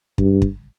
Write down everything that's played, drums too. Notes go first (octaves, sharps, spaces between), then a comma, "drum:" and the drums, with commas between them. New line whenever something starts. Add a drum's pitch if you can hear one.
G2, drum: kick
drum: kick